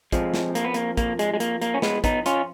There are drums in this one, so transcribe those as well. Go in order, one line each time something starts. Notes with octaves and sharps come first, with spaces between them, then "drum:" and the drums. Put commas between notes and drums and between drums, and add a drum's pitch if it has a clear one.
F2 F3 G#3, drum: kick, hi-hat
drum: snare
A#3, drum: hi-hat
B3
A#3, drum: hi-hat
A#3, drum: kick, hi-hat
G#3, drum: hi-hat
G#3
A#3, drum: hi-hat
A#3, drum: hi-hat
C#4
G#3 B3, drum: snare
B3 D#4, drum: kick, hi-hat
C#4 F4, drum: hi-hat